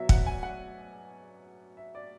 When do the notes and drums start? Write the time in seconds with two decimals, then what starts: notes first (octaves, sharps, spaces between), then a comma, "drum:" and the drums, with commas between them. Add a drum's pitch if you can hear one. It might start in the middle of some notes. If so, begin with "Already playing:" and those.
Already playing: B2 F#3 E5
0.09 F#5, drum: kick
0.26 G#5
0.43 F#5
1.77 E5
1.95 D5